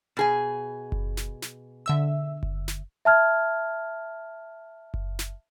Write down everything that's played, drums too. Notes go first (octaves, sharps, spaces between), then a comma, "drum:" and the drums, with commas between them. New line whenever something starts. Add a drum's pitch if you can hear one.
B2 G#4 G#5
drum: kick F#1
drum: snare
drum: snare
D3 E5 E6
drum: kick F#1
drum: snare
E5 A5 F6 G#6
drum: kick F#1
drum: snare